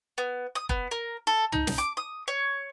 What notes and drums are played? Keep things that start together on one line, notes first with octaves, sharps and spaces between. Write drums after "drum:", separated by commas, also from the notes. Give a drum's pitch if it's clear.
B3
D#6
B3, drum: kick
A#4
A4
D#4, drum: tom
drum: snare
D6
D#6
C#5